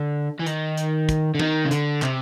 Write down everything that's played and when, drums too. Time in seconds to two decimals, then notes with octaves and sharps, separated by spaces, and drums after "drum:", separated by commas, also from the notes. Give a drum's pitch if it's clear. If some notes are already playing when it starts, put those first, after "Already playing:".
Already playing: D3
0.40 E3
0.46 D#3, drum: hi-hat
0.77 drum: hi-hat
1.09 drum: kick, hi-hat
1.35 D3
1.39 D#3, drum: tom D#3
1.65 C#3
1.71 D3, drum: hi-hat
2.02 C3, drum: clap